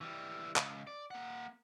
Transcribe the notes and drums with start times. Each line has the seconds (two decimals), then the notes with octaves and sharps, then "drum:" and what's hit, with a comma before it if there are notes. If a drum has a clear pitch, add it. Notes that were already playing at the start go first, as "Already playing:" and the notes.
0.01 E3 G3
0.56 C#2, drum: clap
0.87 D5
1.11 A#3 F#5